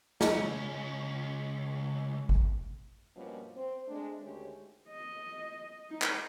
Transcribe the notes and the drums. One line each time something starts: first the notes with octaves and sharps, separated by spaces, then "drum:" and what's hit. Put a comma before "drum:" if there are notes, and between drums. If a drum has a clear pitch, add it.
C#2 C#4, drum: snare
drum: kick
G2 B2 F3 G3 A#3 C#4
C4
G#3 A3 C4 D4
D2 D#3 G#3 C#4 G4 C#5
D#5
D#4
drum: clap